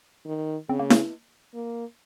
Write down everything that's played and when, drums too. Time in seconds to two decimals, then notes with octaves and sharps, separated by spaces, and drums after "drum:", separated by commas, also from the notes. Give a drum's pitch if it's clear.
0.26 D#3
0.69 C#3 C4
0.80 A#3
0.90 A#3, drum: snare E4
1.55 A#3